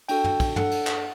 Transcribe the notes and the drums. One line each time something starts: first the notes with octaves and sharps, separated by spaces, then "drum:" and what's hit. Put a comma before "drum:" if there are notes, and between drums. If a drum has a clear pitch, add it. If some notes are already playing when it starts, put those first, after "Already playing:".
D4 F#4 A4 G5, drum: cymbal
drum: tom
drum: kick, cymbal
D4 A4 F#5, drum: tom
drum: cymbal
drum: clap